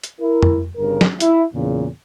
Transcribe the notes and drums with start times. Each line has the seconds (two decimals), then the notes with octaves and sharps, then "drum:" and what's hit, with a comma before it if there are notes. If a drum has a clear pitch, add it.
0.04 drum: hi-hat
0.20 E4 A#4
0.42 drum: tom F2
0.76 G1 G2 C#3 A#4
1.01 drum: snare
1.20 E4, drum: hi-hat
1.53 E2 A#2 C#3